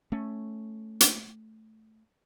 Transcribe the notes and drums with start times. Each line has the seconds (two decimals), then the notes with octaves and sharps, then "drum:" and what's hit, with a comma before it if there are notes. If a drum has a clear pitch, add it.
0.12 A3 C#4
1.01 drum: hi-hat